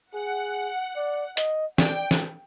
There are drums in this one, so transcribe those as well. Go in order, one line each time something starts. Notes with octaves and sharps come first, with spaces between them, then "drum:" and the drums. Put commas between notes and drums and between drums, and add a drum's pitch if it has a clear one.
G#4 F#5
D5
D#5, drum: hi-hat
D5 G5, drum: snare
drum: snare